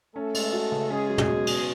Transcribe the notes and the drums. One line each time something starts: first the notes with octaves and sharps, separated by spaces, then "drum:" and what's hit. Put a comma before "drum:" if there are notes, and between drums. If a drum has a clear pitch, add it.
A3 C#4 A4
G#3, drum: cymbal
F#4
C#3
G#3 C#4 G#4
F#3
drum: tom
B2
B2, drum: cymbal